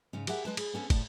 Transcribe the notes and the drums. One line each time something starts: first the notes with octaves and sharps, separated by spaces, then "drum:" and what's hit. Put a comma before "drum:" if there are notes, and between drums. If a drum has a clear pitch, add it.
G#2 C#3 C#4
G4 G#4 A#4 E5 F#5, drum: cymbal
G#3 B4 A5
G#4, drum: cymbal
B3 C#4 A4 C#5
A2 D5 A5, drum: kick, cymbal